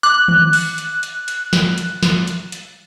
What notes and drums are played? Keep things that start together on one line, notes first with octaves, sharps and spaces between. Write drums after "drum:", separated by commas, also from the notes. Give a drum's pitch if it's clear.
D6 F#6
drum: tom D#3
drum: open hi-hat
drum: hi-hat
drum: hi-hat
drum: hi-hat
drum: snare
drum: hi-hat
drum: snare
drum: hi-hat
drum: hi-hat